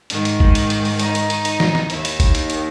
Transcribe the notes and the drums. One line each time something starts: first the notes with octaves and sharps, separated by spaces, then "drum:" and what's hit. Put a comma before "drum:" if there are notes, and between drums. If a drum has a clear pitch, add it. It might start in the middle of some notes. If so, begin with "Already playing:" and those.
G#2 D#3, drum: hi-hat
drum: hi-hat
drum: kick
drum: hi-hat
drum: hi-hat
drum: open hi-hat
D#4, drum: hi-hat
drum: hi-hat
drum: hi-hat
drum: hi-hat
drum: snare
drum: snare
D#2 D#3 E4, drum: hi-hat
drum: hi-hat
drum: kick, hi-hat
drum: hi-hat
drum: hi-hat